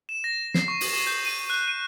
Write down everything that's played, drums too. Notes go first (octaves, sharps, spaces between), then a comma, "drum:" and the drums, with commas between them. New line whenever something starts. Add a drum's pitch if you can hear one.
E7
A#6
C7, drum: snare
C#6
drum: open hi-hat
E7
G6
D#7
F#6
D#7